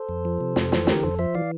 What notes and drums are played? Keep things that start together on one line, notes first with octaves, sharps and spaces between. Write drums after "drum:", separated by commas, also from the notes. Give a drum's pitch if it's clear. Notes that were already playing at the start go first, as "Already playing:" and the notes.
Already playing: A4 C5
F2
F3
C3
F2, drum: snare
E3, drum: snare
D3 G4 A#4, drum: snare
F2 A4 C5
F3 C5 E5
E3 D5 F5